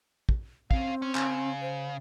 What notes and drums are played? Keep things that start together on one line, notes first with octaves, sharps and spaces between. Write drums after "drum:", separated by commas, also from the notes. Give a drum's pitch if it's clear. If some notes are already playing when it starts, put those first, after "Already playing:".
drum: kick
C4 C#4 F5, drum: kick
C#4
C#3, drum: clap
C5